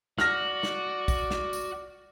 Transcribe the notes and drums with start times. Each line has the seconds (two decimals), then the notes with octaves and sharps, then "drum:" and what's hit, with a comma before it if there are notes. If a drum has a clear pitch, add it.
0.19 F#4 D5 F6 A#6, drum: snare
0.63 drum: snare
1.08 drum: kick, tambourine
1.31 drum: snare
1.53 drum: tambourine